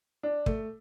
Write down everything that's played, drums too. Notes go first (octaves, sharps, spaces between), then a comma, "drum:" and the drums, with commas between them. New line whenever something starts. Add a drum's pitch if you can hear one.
D4
A3, drum: kick